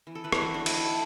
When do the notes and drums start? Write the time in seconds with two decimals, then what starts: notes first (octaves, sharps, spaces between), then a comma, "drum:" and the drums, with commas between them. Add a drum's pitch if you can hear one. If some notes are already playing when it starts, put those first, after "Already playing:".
0.07 E3
0.15 A4
0.24 E3 B4
0.32 E4, drum: rim click
0.42 E3 F#4
0.54 D4
0.59 A3
0.66 E4, drum: cymbal
0.77 A3 A4